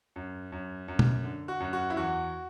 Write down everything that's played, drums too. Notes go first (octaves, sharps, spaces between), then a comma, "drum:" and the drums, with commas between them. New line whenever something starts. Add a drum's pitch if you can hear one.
F#2
F#2
F#2
drum: tom B2
D3
F#4
F#2
F#4
E4
E2 F#4